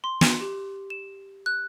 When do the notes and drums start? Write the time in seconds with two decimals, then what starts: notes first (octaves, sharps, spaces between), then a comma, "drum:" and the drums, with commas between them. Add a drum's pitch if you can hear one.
0.04 C6
0.21 drum: snare
0.41 G4
0.90 E7
1.46 F#6